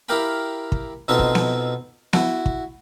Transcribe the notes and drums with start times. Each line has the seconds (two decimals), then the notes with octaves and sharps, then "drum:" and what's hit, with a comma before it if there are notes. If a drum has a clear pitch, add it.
0.09 E4 G4 A#4 F5 G5 B5
0.72 drum: kick
1.08 B2 C4 D#4 F4 A4 E5
1.19 drum: kick
1.35 drum: snare B3
2.13 E4 F#4, drum: snare B3
2.46 drum: kick